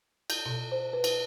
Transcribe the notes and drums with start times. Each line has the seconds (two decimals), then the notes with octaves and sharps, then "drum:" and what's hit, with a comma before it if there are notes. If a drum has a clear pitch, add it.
0.30 G6, drum: cymbal
0.46 B2
0.72 C5
0.93 B4
1.04 drum: cymbal